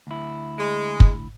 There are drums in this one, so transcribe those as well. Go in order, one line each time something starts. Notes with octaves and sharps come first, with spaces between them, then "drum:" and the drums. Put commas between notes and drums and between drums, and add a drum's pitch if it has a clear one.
D2 E4
G#3
drum: kick